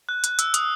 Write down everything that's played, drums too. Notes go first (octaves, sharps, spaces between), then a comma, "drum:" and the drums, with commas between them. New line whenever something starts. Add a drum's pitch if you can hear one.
F#6
F#6, drum: hi-hat
E6, drum: hi-hat
D#6, drum: hi-hat